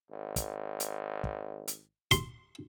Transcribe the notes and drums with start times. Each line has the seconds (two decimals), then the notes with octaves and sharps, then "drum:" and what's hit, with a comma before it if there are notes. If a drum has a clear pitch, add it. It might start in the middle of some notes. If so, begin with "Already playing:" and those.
0.11 G#1
0.36 drum: kick, hi-hat
0.80 drum: hi-hat
1.24 drum: kick
1.68 drum: hi-hat
2.11 C6, drum: kick, hi-hat